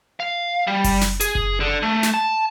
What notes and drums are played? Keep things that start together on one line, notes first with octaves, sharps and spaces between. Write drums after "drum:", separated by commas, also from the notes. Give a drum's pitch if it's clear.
F5
G3
drum: kick F#1, open hi-hat
drum: snare
G#4, drum: hi-hat
drum: kick F#1
D3
A3
drum: snare
A5